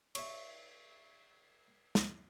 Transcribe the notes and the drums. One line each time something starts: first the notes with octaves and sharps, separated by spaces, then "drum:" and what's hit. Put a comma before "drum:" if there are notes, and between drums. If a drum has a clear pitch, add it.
C#5 E5, drum: cymbal
drum: snare